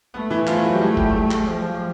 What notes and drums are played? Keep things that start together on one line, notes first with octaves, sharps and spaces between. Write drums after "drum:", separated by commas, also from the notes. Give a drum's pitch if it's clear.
A3 B3
E3 E4
F3 A3 F4, drum: clap
E3 E4
F#3 F#4
G3 G4
G#3 A3 G#4
G3 G4, drum: kick
drum: clap
F3